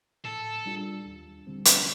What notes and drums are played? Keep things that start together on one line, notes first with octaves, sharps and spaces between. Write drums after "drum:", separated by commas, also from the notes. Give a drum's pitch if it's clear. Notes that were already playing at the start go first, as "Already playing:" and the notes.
A2 A4
G3 D4 F4
D#2
D3 G3 C4
drum: hi-hat